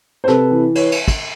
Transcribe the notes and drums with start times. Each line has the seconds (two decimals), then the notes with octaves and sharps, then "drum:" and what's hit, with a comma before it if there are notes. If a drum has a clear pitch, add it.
0.24 C5
0.27 C3 A4 B4, drum: snare
0.51 E3
0.75 B4 C#5, drum: cymbal
0.92 drum: cymbal
1.08 drum: kick, cymbal